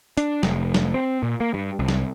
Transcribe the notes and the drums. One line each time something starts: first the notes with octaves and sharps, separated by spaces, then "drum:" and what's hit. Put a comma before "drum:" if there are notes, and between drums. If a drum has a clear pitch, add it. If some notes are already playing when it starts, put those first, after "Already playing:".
D4, drum: hi-hat
F1, drum: snare
drum: snare
C4
A#2
A#3
G2
C2
drum: snare